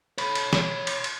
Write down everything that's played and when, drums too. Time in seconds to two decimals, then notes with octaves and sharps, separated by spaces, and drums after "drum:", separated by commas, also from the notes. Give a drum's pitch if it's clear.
0.18 C#5 B5, drum: cymbal
0.35 drum: cymbal
0.53 drum: snare
0.87 drum: cymbal
1.04 drum: cymbal